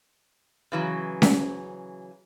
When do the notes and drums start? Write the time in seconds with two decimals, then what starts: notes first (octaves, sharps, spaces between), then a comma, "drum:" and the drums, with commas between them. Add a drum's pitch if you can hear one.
0.72 C#3 E3 F#3
1.22 drum: snare C#4